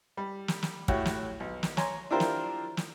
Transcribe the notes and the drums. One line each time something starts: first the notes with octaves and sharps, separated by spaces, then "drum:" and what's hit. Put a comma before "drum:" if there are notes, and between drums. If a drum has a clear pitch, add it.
G3
drum: snare
drum: snare
A2 E4 F#4 G4 C#5, drum: kick
drum: snare
B1
drum: snare
C#5 G#5 A#5 C6, drum: snare
D4 E4 F4 G4 A#4 C5
drum: snare
drum: snare